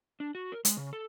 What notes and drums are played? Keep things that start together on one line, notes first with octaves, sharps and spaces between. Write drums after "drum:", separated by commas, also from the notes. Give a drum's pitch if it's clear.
D4
F#4
A#4
G#3, drum: hi-hat
C#3
A4